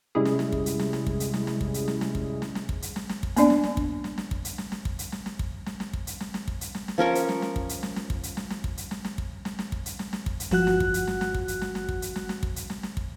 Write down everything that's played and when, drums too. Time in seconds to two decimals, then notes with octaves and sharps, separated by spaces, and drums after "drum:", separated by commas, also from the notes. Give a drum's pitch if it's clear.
0.15 C3 G3 G#3 C#4 E4 G#4
0.25 drum: snare
0.39 drum: snare
0.52 drum: kick
0.66 drum: hi-hat
0.79 drum: snare
0.93 drum: snare
1.07 drum: kick
1.20 drum: hi-hat
1.34 drum: snare
1.47 drum: snare
1.61 drum: kick
1.74 drum: hi-hat
1.88 drum: snare
2.01 drum: snare
2.15 drum: kick
2.42 drum: snare
2.55 drum: snare
2.69 drum: kick
2.82 drum: hi-hat
2.96 drum: snare
3.09 drum: snare
3.23 drum: kick
3.36 A#3 B3 D4 D5, drum: hi-hat
3.50 drum: snare
3.64 drum: snare
3.77 drum: kick
4.04 drum: snare
4.18 drum: snare
4.31 drum: kick
4.45 drum: hi-hat
4.58 drum: snare
4.72 drum: snare
4.85 drum: kick
4.99 drum: hi-hat
5.12 drum: snare
5.26 drum: snare
5.39 drum: kick
5.66 drum: snare
5.80 drum: snare
5.93 drum: kick
6.07 drum: hi-hat
6.21 drum: snare
6.34 drum: snare
6.48 drum: kick
6.61 drum: hi-hat
6.75 drum: snare
6.88 drum: snare
6.98 F3 C#4 A#4 C#6
7.15 drum: hi-hat
7.29 drum: snare
7.42 drum: snare
7.56 drum: kick
7.69 drum: hi-hat
7.83 drum: snare
7.96 drum: snare
8.10 drum: kick
8.23 drum: hi-hat
8.37 drum: snare
8.50 drum: snare
8.64 drum: kick
8.77 drum: hi-hat
8.91 drum: snare
9.05 drum: snare
9.18 drum: kick
9.45 drum: snare
9.59 drum: snare
9.72 drum: kick
9.86 drum: hi-hat
9.99 drum: snare
10.13 drum: snare
10.26 drum: kick
10.40 drum: hi-hat
10.51 G1 F3 F#4 F#5 F#6, drum: snare
10.67 drum: snare
10.80 drum: kick
10.94 drum: hi-hat
11.07 drum: snare
11.21 drum: snare
11.34 drum: kick
11.48 drum: hi-hat
11.62 drum: snare
11.75 drum: snare
11.89 drum: kick
12.02 drum: hi-hat
12.16 drum: snare
12.29 drum: snare
12.43 drum: kick
12.56 drum: hi-hat
12.70 drum: snare
12.83 drum: snare
12.97 drum: kick